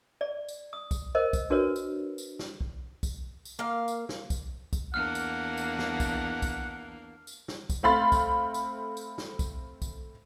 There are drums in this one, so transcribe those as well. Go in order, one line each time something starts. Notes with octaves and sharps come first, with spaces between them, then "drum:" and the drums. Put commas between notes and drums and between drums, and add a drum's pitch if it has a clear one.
D5
drum: tambourine
D#6
drum: kick B1, tambourine
A#4 C5 D#5
drum: kick B1, tambourine
D4 F#4 A#4 B4 C#5
drum: tambourine
drum: tambourine
drum: snare
drum: kick B1
drum: kick B1, tambourine
drum: tambourine
A#3 F5
drum: tambourine
drum: snare
drum: kick B1, tambourine
drum: kick B1, tambourine
E2 A#3 D4 F#5 F6
drum: tambourine
drum: tambourine
drum: snare
drum: kick B1, tambourine
drum: kick B1, tambourine
drum: tambourine
drum: snare
drum: kick B1, tambourine
A3 C4 F5 B5 C6 A6
drum: kick B1, tambourine
drum: tambourine
drum: tambourine
drum: snare
drum: kick B1, tambourine
drum: kick B1, tambourine